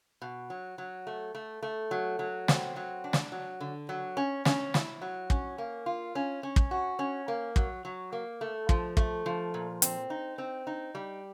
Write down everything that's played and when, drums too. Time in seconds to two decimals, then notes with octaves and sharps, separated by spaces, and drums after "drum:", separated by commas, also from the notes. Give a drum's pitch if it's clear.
0.22 B2
0.50 F#3
0.78 F#3
1.07 A3
1.35 A3
1.63 A3
1.91 F#3
2.19 F#3
2.48 C4, drum: snare
2.76 F#3
3.04 D4
3.13 drum: snare
3.32 F#3
3.61 D3
3.89 F#3
4.17 C#4
4.45 C#4, drum: snare
4.74 E4, drum: snare
5.02 F#3
5.30 C#4, drum: kick
5.58 A#3
5.86 F4
6.15 C#4
6.43 C#4
6.56 drum: kick
6.71 F#4
6.99 C#4
7.28 A#3
7.56 F#3, drum: kick
7.85 F#3
8.12 A#3
8.41 A3
8.69 F3, drum: kick
8.97 A3, drum: kick
9.26 F3
9.54 A#2
9.82 C4, drum: hi-hat
10.10 D#4
10.38 C4
10.67 D#4
10.95 G3